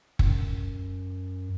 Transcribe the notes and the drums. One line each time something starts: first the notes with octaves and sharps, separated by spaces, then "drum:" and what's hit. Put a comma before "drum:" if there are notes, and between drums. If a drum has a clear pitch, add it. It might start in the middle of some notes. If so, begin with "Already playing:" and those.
F#2, drum: kick F#1